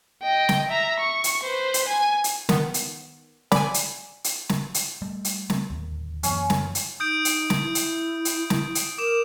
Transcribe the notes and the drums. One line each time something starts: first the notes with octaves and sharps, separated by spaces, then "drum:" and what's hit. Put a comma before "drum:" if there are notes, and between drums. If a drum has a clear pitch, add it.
D#5 G5
drum: snare
E5 A#5
C#6
drum: hi-hat
B4 C5
drum: hi-hat
G#5
drum: hi-hat
D#3 B3, drum: snare
drum: hi-hat
D5 G#5 B5, drum: snare
drum: hi-hat
drum: hi-hat
drum: snare
drum: hi-hat
G3 A3
drum: hi-hat
G3 A3 C4, drum: snare
D1 D#2
F#2 E3 A#3 C#4, drum: hi-hat
drum: snare
drum: hi-hat
D#4 D#6 G6 D7
drum: hi-hat
drum: snare
E4
drum: hi-hat
drum: hi-hat
drum: snare
drum: hi-hat
A#4 D6 E7